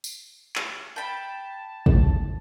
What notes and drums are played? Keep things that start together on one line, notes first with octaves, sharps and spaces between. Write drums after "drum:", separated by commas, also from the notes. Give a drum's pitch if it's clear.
drum: tambourine
drum: clap
G5 A5 B5
drum: kick